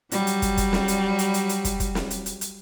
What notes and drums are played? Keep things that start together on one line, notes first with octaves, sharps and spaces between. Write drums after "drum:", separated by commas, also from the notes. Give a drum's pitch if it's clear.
F#3 G3, drum: hi-hat
drum: hi-hat
drum: kick, hi-hat
drum: kick, hi-hat
drum: snare
drum: hi-hat
drum: hi-hat
drum: hi-hat
drum: hi-hat
drum: kick, hi-hat
drum: kick, hi-hat
drum: snare
drum: hi-hat
drum: hi-hat
drum: hi-hat